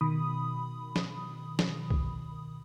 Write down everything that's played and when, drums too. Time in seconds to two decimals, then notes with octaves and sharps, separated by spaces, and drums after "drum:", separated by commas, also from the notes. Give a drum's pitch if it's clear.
0.01 B2 D#3 B5 D#6
0.96 drum: snare
1.59 drum: snare
1.90 drum: kick